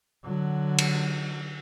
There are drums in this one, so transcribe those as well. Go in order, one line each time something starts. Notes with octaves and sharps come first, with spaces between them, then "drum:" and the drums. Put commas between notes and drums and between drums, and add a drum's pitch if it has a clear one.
D3 F#3
drum: cymbal